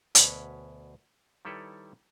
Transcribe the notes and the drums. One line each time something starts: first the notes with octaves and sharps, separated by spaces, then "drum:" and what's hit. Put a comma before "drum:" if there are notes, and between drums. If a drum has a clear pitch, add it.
D2 B2 B4 C#5, drum: hi-hat
D#3 G3 E4 A4 B4 C#5